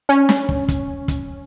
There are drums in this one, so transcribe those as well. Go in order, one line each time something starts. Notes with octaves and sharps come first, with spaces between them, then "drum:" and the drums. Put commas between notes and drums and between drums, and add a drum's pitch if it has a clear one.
C#4
drum: snare
drum: kick
drum: kick, hi-hat
drum: kick, hi-hat